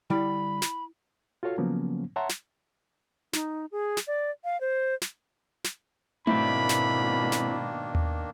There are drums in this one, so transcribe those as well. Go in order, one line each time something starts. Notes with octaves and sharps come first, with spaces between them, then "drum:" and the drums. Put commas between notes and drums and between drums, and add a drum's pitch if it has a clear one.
D3 G3 E4 D5 B5
drum: snare
F4 F#4 A4 C#5 F5
C#3 F3 F#3 A#3 B3 C#4
C#5 E5 F#5 A5 A#5 C6
drum: snare
D#4, drum: snare
G#4
drum: snare
D5
F5
C5
drum: snare
drum: snare
G#2 B2 D#3 A#3 C4 D4 E4 B5, drum: tom A3
drum: snare
drum: snare
drum: tom D#2